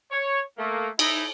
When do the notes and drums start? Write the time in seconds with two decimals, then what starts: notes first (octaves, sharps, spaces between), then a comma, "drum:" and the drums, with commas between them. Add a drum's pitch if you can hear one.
0.11 C#5
0.58 A3 A#3
0.99 D#4 E4, drum: cymbal